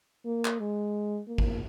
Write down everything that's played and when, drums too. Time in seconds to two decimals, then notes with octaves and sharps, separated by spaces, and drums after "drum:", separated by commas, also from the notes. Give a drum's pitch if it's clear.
0.25 A#3
0.45 drum: clap
0.59 G#3
1.28 A#3
1.38 drum: kick G#1